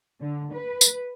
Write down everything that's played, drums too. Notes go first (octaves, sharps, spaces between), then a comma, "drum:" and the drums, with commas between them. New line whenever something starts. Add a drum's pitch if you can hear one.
D3
B4
drum: tambourine